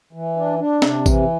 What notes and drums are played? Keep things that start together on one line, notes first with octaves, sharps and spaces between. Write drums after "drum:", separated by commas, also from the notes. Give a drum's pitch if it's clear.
E3
D4
D4
C3, drum: snare
E3, drum: kick A1, tambourine